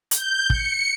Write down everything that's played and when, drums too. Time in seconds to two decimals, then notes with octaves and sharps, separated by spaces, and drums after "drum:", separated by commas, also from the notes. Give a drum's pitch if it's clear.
0.11 G6, drum: hi-hat
0.50 C#7, drum: kick